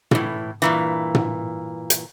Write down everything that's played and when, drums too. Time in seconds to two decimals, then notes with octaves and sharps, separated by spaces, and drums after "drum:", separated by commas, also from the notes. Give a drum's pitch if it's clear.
0.11 A2 E3, drum: tom
0.62 G2 A#2 E3
1.15 drum: tom
1.90 drum: hi-hat